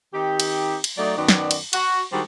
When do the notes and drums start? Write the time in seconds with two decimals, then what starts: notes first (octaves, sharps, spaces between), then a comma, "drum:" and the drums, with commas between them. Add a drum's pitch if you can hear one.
0.13 D#3 C4 D#4 G4
0.40 drum: cymbal
0.84 drum: cymbal
0.98 F#3 A3 D#4 D5
1.17 F#2 D#3 B3 F#4 D5
1.28 drum: snare
1.51 drum: cymbal
1.73 F#4, drum: cymbal
2.12 D#3 G3 G#3 D4 F#4 C5